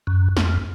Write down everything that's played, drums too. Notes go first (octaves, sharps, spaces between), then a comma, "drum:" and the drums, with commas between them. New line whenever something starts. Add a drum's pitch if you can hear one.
F#2
F2, drum: snare